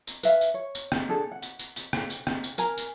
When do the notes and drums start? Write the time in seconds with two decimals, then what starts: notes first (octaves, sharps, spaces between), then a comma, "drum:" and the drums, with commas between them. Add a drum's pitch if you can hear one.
0.07 drum: tambourine
0.23 B4 E5 F5, drum: tambourine
0.41 drum: tambourine
0.54 C#5
0.75 drum: tambourine
0.92 drum: rim click
1.09 D4 G#4 A4
1.32 F#5
1.42 drum: tambourine
1.59 drum: tambourine
1.76 drum: tambourine
1.93 drum: rim click
2.10 drum: tambourine
2.27 drum: rim click
2.44 drum: tambourine
2.58 A#4 G#5 A#5, drum: tambourine
2.78 drum: tambourine